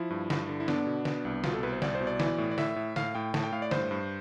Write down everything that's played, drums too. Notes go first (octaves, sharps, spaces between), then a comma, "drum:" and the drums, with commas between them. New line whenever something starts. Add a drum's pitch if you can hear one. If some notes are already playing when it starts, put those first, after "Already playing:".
Already playing: F3 E4
G2
G2, drum: snare
D3
E4
B3 D4, drum: snare
B2
B3, drum: snare
C2
B2 F4, drum: snare
A4
C2 B4
C5
C2 D5, drum: snare
C5
B2
D5
E3, drum: snare
A2
D5
A2 E5, drum: snare
A2
A2 F5, drum: snare
A2 G5
A2 A5, drum: snare
G5
A2 F5
D5
G2 C5, drum: snare
G2